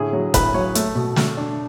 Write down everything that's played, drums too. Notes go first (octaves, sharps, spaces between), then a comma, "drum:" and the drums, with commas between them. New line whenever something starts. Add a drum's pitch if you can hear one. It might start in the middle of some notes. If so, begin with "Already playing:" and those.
Already playing: A2 D3 G#4
F#3
A2 B4, drum: kick F#1, hi-hat
F#3 C#5
A3, drum: hi-hat
B2
A3, drum: snare
D4